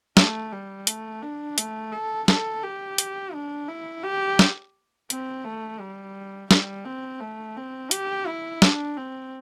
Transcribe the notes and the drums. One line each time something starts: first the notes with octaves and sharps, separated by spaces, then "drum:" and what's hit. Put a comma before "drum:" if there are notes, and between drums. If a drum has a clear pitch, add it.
A3, drum: snare
G3
A3, drum: hi-hat
D4
A3, drum: hi-hat
A4
A4, drum: snare
G4
drum: hi-hat
D4
E4
G4
drum: snare
C4, drum: hi-hat
A3
G3
G3, drum: snare
C4
A3
C4
G4, drum: hi-hat
E4
D4, drum: snare
C4